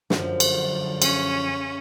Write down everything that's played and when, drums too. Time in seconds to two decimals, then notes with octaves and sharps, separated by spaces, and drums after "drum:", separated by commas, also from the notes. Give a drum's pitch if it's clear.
0.10 F#2 D3 F3, drum: snare
0.40 drum: cymbal
1.02 C#4, drum: cymbal